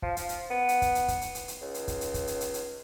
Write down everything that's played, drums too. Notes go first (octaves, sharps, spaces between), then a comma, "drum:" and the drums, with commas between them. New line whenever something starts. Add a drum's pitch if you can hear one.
F3, drum: kick
F3, drum: hi-hat
drum: hi-hat
B3
drum: hi-hat
drum: kick, hi-hat
drum: hi-hat
drum: kick, hi-hat
drum: hi-hat
drum: hi-hat
drum: hi-hat
C#2
drum: hi-hat
drum: kick, hi-hat
drum: hi-hat
drum: kick, hi-hat
drum: hi-hat
drum: hi-hat
drum: hi-hat